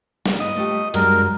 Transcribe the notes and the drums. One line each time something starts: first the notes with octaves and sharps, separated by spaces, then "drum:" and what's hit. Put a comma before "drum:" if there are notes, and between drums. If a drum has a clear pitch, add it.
A#3 F5, drum: snare
E4 B4 D#5
A3 F4 G4
F#2 G3 G#3 D4 A#4, drum: hi-hat